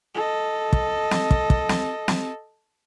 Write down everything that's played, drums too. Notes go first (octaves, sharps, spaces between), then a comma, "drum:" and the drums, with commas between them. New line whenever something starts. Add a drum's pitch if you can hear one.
A4 D#5
drum: kick
drum: snare
drum: kick
drum: kick
drum: snare
drum: snare